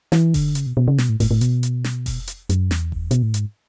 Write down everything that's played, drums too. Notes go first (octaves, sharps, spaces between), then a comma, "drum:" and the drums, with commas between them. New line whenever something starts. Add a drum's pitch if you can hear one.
E3, drum: snare
D3, drum: kick F1, open hi-hat
C#3, drum: hi-hat
B2
B2
C#3
B2, drum: snare
A2
A2, drum: kick F1, open hi-hat
A2
B2, drum: hi-hat
drum: hi-hat
drum: snare
drum: kick F1, open hi-hat
drum: hi-hat
F#2, drum: hi-hat
E2, drum: snare
drum: kick F1
B2, drum: hi-hat
A2
G#2, drum: hi-hat